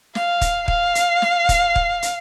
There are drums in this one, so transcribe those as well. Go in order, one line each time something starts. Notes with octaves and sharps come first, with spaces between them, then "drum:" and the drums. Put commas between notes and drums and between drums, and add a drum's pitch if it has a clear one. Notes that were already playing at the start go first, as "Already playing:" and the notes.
F5, drum: snare
drum: kick, hi-hat
F5, drum: kick
drum: hi-hat
drum: snare
drum: kick, hi-hat
drum: kick
drum: hi-hat